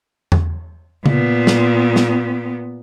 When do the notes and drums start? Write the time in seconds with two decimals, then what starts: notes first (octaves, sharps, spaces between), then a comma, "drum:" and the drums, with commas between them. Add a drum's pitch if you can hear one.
0.32 drum: tom E2
1.06 A#2 B3, drum: tom C#3
1.47 drum: snare
1.96 drum: snare